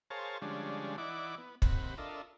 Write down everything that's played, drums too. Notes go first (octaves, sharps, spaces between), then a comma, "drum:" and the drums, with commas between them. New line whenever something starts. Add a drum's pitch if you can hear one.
G#4 A#4 C5 C#5 F5 A5
D3 F3 G3 G#3 C#4 D4
E3 D#4 E4 D5 F#5 D6
B3
D#2 C3 F#5 B5, drum: kick
D4 F4 A4 A#4 D#5 E5